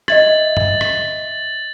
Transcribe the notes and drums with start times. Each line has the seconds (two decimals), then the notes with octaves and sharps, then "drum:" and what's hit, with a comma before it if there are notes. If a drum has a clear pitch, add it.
0.08 D#5 E5 G#6 A6 F#7, drum: rim click
0.57 drum: tom G2
0.81 drum: rim click